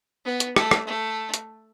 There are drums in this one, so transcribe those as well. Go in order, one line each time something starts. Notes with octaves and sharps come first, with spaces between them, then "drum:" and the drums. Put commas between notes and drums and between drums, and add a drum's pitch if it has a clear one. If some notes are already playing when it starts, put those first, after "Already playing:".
B3
drum: hi-hat
A3, drum: rim click
drum: rim click
A3
drum: hi-hat